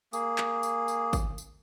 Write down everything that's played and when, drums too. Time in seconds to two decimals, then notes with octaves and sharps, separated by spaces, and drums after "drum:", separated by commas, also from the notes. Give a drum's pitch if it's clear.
0.13 A#3 G#4, drum: tambourine
0.38 drum: clap
0.63 drum: tambourine
0.88 drum: tambourine
1.13 drum: kick, tambourine
1.38 drum: tambourine